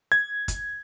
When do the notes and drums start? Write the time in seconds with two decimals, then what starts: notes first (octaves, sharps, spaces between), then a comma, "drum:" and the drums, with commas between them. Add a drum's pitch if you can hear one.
0.12 G#6
0.48 drum: kick, hi-hat